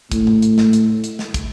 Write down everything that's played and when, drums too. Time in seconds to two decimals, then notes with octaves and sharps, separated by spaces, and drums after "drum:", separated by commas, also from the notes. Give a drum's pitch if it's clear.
0.12 A2, drum: kick, hi-hat
0.27 drum: tom G#2
0.42 drum: hi-hat
0.58 drum: snare
0.73 drum: hi-hat
1.04 drum: hi-hat
1.19 drum: snare
1.34 drum: kick, hi-hat